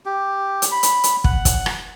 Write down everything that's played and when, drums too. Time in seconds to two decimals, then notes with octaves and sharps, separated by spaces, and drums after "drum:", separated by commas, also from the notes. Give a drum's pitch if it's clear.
0.06 G4
0.62 drum: hi-hat
0.72 B5
0.83 drum: hi-hat
1.04 drum: hi-hat
1.24 F#5, drum: kick
1.45 drum: kick, hi-hat
1.66 drum: rim click